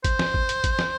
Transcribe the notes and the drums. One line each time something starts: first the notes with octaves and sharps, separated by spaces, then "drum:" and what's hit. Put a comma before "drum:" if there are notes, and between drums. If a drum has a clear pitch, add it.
C5, drum: kick G#1, hi-hat
drum: snare
drum: kick G#1
drum: hi-hat
drum: kick G#1, hi-hat
drum: snare